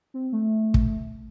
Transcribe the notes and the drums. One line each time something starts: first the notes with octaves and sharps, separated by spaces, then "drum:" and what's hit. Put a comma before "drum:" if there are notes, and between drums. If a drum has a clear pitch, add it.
C4
A3
drum: kick